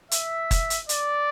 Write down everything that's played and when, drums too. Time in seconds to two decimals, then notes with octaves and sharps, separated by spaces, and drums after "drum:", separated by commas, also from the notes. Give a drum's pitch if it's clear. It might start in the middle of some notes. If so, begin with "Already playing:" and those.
0.11 E5, drum: hi-hat
0.51 drum: kick, hi-hat
0.70 drum: hi-hat
0.89 D5, drum: hi-hat